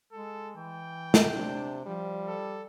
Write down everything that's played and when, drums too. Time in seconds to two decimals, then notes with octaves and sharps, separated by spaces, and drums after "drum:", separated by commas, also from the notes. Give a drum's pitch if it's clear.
0.12 G#3 A4
0.56 E3 G5
1.14 drum: snare
1.33 C3 D4
1.86 F3 G3
2.27 A4